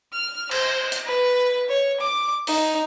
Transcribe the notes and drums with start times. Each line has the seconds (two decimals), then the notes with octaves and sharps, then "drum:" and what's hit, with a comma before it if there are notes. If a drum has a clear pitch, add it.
0.13 F6
0.51 C5, drum: cymbal
0.92 drum: hi-hat
1.06 B4
1.69 C#5
2.00 D6
2.47 D#4, drum: open hi-hat